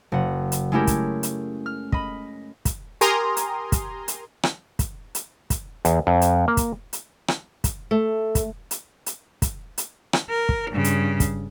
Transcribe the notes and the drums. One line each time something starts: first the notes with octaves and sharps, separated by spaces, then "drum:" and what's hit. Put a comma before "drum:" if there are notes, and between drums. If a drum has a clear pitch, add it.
F#1 F#5
drum: hi-hat
G#3 A3 C#4 E4 G4 A#4
drum: kick, hi-hat
drum: hi-hat
F6
D#5 B5, drum: kick
drum: kick, hi-hat
G4 A#4 G#5 A#5 C6 D#6, drum: hi-hat
drum: hi-hat
drum: kick, hi-hat
drum: hi-hat
drum: rim click
drum: kick, hi-hat
drum: hi-hat
drum: kick, hi-hat
E2, drum: hi-hat
F2
drum: hi-hat
A#3
drum: kick, hi-hat
drum: hi-hat
drum: rim click
drum: kick, hi-hat
A3
drum: kick, hi-hat
drum: hi-hat
drum: hi-hat
drum: kick, hi-hat
drum: hi-hat
drum: rim click
A#4
drum: kick
G2 C#3
drum: hi-hat
drum: kick, hi-hat